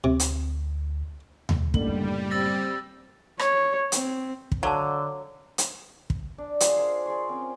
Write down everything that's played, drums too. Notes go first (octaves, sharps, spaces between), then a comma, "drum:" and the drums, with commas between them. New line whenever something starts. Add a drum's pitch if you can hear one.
D2 C3
drum: hi-hat
drum: tom D#2
F#1 A2 D3 G3 F#7, drum: kick
C4 E6 A6 A#6
C#5, drum: rim click
C4, drum: hi-hat
drum: kick
D3 F#3 F5 A5
drum: hi-hat
drum: kick
D4
F4 G#4 F#5, drum: hi-hat
G#4 A#4 C5 C6
G#4 D5 C6 C#6
C4 C#4 G5